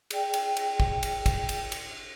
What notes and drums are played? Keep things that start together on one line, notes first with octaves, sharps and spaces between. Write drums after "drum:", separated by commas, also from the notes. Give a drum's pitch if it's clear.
G#4 D5 G5, drum: cymbal
drum: cymbal
drum: cymbal
drum: kick
drum: cymbal
drum: kick, cymbal
drum: cymbal
drum: cymbal